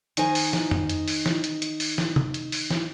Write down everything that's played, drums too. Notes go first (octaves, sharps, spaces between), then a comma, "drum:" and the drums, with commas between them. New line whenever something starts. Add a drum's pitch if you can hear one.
D#3 D#4 C5 G#5, drum: hi-hat
drum: open hi-hat
drum: snare
drum: tom F2
drum: hi-hat
drum: open hi-hat
drum: snare
drum: hi-hat
drum: hi-hat
drum: open hi-hat
drum: snare
drum: tom C3
drum: hi-hat
drum: open hi-hat
drum: snare